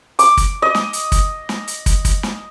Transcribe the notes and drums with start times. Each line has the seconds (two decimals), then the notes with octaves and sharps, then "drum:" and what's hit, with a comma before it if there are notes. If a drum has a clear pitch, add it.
0.19 D6, drum: hi-hat
0.37 drum: kick, hi-hat
0.62 D#5
0.75 drum: snare
0.93 drum: hi-hat
1.12 drum: kick, hi-hat
1.49 drum: snare
1.67 drum: hi-hat
1.86 drum: kick, hi-hat
2.05 drum: kick, hi-hat
2.23 drum: snare